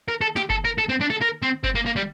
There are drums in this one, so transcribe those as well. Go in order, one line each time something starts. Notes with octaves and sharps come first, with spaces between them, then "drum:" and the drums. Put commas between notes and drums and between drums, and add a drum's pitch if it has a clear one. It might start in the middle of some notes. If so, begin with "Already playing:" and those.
A#4
A4
G4, drum: snare
A4, drum: kick F#1
A#4
A4
C4
D4
A4
A#4
C4
C4, drum: kick F#1
A#3
A#3
G3